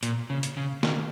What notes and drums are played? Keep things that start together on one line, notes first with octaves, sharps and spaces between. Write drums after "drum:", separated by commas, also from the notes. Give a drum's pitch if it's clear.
A#2, drum: hi-hat
C#3
drum: hi-hat
C#3
D#3, drum: snare